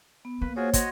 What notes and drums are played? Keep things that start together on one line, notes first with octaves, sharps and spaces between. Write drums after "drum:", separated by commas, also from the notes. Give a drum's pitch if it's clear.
B3
A#3 B4
F4 F#4 G#4 C5 C#5
F#4 C#5 D#5 C6, drum: kick, hi-hat